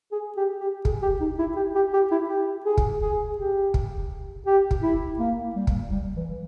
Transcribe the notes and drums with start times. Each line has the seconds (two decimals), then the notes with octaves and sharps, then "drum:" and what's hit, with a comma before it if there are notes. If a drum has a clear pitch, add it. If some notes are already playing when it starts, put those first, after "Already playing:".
0.12 G#4
0.37 G4
0.60 G4
0.85 G#4, drum: kick
1.02 G4
1.20 D#4
1.39 E4
1.56 G4
1.75 G4
1.93 G4
2.11 E4
2.29 G4
2.65 G#4
2.77 drum: kick
3.02 G#4
3.38 G4
3.74 drum: kick
4.46 G4
4.71 drum: kick
4.82 E4
5.19 A#3
5.55 G3
5.67 drum: kick
5.92 G3
6.16 E3